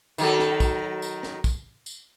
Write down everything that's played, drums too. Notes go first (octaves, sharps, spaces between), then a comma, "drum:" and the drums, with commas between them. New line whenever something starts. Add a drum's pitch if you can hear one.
D#3 F#3 A4, drum: tambourine
drum: snare
drum: kick, tambourine
drum: tambourine
drum: snare
drum: kick, tambourine
drum: tambourine